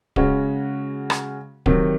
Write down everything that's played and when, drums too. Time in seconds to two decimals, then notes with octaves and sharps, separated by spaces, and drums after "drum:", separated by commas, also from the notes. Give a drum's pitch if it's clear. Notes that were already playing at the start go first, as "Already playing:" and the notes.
0.16 C#3 G#3 C#4 F#4, drum: kick D1
1.10 drum: rim click
1.66 C3 D#3 F#3, drum: kick D1